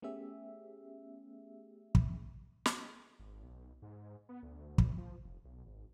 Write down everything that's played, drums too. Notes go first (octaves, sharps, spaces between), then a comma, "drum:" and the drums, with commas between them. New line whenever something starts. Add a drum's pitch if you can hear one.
A3 B3 C#4 G4 G#4 E5
drum: kick
drum: snare
G#1
B1
G#2
B3
D2
drum: kick
F3
F1
B1
G#1